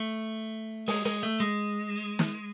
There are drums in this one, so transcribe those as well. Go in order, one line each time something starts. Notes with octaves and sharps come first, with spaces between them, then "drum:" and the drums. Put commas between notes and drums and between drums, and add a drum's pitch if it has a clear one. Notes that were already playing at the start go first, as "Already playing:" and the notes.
Already playing: A3
G#3, drum: open hi-hat
G#3, drum: hi-hat
A3
G#3
drum: snare